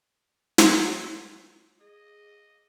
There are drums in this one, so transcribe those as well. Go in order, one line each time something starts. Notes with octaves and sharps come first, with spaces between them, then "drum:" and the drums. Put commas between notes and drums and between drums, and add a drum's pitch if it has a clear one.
drum: snare
G#4 D#5